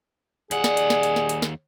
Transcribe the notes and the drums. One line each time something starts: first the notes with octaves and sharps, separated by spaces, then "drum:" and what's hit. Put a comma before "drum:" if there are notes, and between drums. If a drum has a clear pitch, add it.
D#2 F3 G3 D4 G#4 F#5, drum: hi-hat
drum: snare
drum: hi-hat
drum: snare
drum: hi-hat
drum: snare
drum: hi-hat
drum: snare